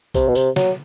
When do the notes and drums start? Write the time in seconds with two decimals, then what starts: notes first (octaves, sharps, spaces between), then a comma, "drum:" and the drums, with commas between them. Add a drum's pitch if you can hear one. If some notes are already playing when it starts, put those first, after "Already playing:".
0.14 C3, drum: kick, tambourine
0.28 B2
0.35 C3, drum: tambourine
0.56 F#3, drum: snare